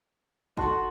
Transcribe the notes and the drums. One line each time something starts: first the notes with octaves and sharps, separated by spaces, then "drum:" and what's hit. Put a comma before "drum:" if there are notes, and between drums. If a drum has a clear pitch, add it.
D#4 F#4 F#5 A5 C6, drum: kick G1